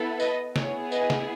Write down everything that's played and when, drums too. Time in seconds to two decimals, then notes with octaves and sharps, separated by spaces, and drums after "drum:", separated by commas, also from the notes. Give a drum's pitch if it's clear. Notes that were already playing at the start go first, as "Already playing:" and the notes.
Already playing: B3 E4 A4
0.20 B4 D#5, drum: tambourine
0.56 B3 E4 G#4 C#5, drum: snare
0.92 B4 D#5, drum: tambourine
1.10 drum: snare